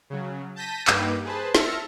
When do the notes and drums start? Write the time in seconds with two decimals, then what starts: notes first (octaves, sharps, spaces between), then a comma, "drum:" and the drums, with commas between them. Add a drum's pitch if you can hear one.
0.10 C#3 F#3
0.56 A5 G6 A#6 B6 D#7
0.87 G2 A#3 D#4 G4 B4, drum: clap
1.25 G#4 B4 C5 A5
1.55 E5 A5 E6 F6 A#6 C#7, drum: snare